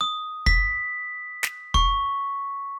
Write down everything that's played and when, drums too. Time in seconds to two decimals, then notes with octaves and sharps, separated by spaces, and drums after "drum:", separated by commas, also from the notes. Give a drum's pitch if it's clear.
0.01 D#6
0.46 B6, drum: kick
1.43 drum: snare
1.74 C#6, drum: kick